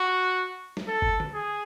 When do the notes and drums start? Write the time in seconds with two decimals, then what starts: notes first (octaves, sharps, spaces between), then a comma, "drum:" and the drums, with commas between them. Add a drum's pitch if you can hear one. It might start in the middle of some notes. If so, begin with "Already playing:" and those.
Already playing: F#4
0.77 drum: snare
0.88 A4
1.02 drum: kick G1
1.20 drum: tom
1.34 G#4